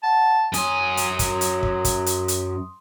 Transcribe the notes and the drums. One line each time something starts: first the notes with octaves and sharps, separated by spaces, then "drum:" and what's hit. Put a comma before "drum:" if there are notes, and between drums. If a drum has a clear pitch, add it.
F#5 A5
F#2 F#3 G#5 C6 D#6, drum: hi-hat
drum: hi-hat
drum: kick, hi-hat
drum: hi-hat
drum: kick
drum: kick, hi-hat
drum: hi-hat
drum: hi-hat